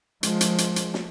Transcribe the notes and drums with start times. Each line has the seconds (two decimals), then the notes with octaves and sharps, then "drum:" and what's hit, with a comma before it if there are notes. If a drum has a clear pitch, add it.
0.23 F3 G#3, drum: hi-hat
0.41 drum: hi-hat
0.58 drum: hi-hat
0.76 drum: hi-hat
0.94 drum: snare